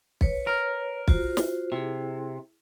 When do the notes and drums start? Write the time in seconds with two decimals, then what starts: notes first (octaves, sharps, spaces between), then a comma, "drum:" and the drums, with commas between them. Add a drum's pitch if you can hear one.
0.21 B4 C#5, drum: kick
0.47 A#4
1.08 F4 F#4 C5, drum: kick
1.37 drum: snare
1.72 C3 E4 G#4